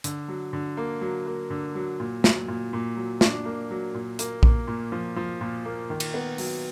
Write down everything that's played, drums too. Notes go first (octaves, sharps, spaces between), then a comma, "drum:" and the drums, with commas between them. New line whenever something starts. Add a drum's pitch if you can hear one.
D3, drum: hi-hat
F#3
D3
A#3
F#3
A#3
D3
F#3
A#2
F#3, drum: snare
A#2
A#2
F#3
D4, drum: snare
A#3
F#3
A#2
A#3, drum: hi-hat
A#3, drum: kick A#1
A#2
F3
F3
A#2
A#3
D#3
drum: cymbal
B3
F#3, drum: open hi-hat